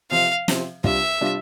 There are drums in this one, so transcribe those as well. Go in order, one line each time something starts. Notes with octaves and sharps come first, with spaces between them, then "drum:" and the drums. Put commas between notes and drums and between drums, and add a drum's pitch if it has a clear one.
C3 F3 C4 F5
C3 F3 C4, drum: snare
C3 G3 D4 F4 E5, drum: kick
C3 G3 D4 F4